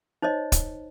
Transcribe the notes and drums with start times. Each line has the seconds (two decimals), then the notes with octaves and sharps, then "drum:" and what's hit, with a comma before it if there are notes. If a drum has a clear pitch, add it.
0.22 D#4 C5 C#5 D#5
0.52 drum: kick, hi-hat